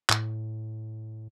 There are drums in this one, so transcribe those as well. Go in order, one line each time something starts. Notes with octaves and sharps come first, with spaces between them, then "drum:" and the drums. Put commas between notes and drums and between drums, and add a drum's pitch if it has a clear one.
A2, drum: clap